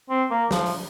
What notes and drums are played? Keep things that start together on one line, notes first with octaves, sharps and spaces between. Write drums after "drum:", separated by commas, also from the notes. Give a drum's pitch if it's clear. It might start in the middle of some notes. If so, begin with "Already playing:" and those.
C4
A#3
F3, drum: snare
drum: open hi-hat